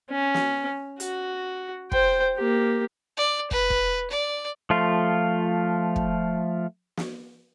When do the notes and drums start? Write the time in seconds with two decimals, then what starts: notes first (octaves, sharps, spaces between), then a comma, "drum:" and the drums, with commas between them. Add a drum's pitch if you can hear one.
0.10 C#4
0.34 drum: snare
1.00 F#4, drum: hi-hat
1.92 C5 G5, drum: kick
2.37 A#3 G4
3.17 D5
3.51 B4, drum: kick
3.70 drum: kick
4.10 D5
4.70 F3 A3 F4
5.96 drum: kick
6.97 drum: snare